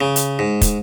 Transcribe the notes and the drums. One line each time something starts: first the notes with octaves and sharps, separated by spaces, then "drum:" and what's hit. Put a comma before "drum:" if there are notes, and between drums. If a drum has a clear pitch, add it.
C#3
drum: hi-hat
G#2
drum: kick, hi-hat